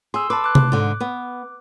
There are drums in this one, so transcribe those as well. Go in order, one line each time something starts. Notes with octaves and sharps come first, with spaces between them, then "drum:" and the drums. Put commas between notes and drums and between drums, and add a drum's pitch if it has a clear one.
G#4 C6 E6
B4 A5 C6 D6
D6 F#6
drum: tom C3
G#2 D3
B3